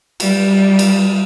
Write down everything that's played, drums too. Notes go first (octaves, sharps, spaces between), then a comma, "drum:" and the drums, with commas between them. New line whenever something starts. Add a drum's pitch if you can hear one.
G3, drum: cymbal
drum: cymbal